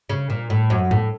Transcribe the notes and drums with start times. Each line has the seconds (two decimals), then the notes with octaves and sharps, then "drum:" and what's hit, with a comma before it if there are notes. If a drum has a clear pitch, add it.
0.09 C#3
0.30 A#2
0.50 A2
0.70 F#2
0.91 A2, drum: tom A2